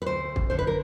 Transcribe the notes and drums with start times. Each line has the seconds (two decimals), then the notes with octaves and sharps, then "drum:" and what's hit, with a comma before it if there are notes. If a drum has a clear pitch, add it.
0.02 B4
0.06 D2 C5
0.36 drum: kick
0.50 D3 C5
0.59 B4
0.67 A#4